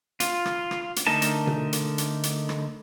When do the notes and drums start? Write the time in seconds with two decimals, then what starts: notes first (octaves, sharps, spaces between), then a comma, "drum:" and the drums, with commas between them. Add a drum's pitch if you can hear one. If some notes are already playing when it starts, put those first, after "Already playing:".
0.20 F4, drum: hi-hat
0.46 drum: rim click
0.71 drum: rim click
0.96 drum: hi-hat
1.07 D3 A3 D#4 A#4 A5
1.22 drum: hi-hat
1.47 drum: tom B2
1.73 drum: hi-hat
1.98 drum: hi-hat
2.23 drum: hi-hat
2.49 drum: rim click